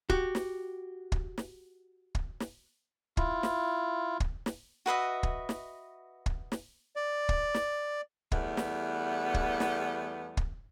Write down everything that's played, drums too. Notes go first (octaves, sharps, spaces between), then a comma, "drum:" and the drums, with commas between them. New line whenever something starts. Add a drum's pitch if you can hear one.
F#4 G4, drum: kick
drum: snare
drum: kick
drum: snare
drum: kick
drum: snare
E4 F4, drum: kick
drum: snare
drum: kick
drum: snare
F#4 B4 D#5 E5
drum: kick
drum: snare
drum: kick
drum: snare
D5
drum: kick
drum: snare
E2 G3 A3 B3, drum: kick
drum: snare
drum: kick
drum: snare
drum: kick